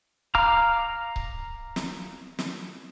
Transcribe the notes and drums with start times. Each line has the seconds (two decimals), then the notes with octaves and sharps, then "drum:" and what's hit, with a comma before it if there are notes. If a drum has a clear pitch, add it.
0.35 F5 A#5 D6 F6, drum: kick C#1
1.16 drum: kick C#1
1.76 drum: snare
2.39 drum: snare